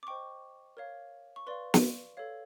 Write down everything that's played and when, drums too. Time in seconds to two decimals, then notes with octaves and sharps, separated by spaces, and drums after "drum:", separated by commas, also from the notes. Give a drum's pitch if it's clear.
0.03 D6
0.07 C5 D#5 G5 C#6
0.77 A#4 C#5 F5
1.36 C#6
1.47 B4 D5 F5 C6
1.74 drum: snare
2.17 A4 C#5 F5